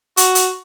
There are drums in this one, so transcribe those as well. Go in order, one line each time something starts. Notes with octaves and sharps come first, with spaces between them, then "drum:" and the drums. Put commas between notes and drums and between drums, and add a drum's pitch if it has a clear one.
F#4, drum: hi-hat
drum: hi-hat